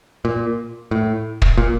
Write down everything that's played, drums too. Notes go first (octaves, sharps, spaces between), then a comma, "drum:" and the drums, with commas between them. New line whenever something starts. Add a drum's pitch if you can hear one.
A#2
A2
drum: kick
A#2